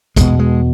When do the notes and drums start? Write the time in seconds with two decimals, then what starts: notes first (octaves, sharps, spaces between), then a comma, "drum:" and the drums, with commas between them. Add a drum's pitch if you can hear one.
0.17 E2 B2 G#3, drum: kick, hi-hat
0.39 G#3